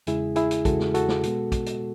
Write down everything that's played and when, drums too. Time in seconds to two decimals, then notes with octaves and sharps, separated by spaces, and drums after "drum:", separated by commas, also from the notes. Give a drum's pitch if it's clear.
0.07 E2 C#3 G#3 E4 G#4, drum: hi-hat
0.36 E4 G#4, drum: hi-hat
0.51 drum: hi-hat
0.65 E2 C#3 G#3 F#4 A4, drum: kick, hi-hat
0.80 drum: snare
0.94 F#4 A4, drum: hi-hat
1.08 drum: snare
1.23 B2 G#3 B3, drum: hi-hat
1.52 drum: kick, hi-hat
1.66 drum: hi-hat